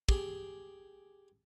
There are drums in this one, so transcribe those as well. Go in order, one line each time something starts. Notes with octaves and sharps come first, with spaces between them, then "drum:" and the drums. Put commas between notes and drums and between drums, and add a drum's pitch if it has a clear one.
G4 G#4, drum: kick